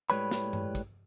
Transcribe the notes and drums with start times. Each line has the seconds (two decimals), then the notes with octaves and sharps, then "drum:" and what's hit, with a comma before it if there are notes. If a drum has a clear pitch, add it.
0.10 A2 G3 G#3 B4 C#5 B5, drum: hi-hat
0.31 drum: snare
0.53 drum: tom G2
0.75 drum: kick, hi-hat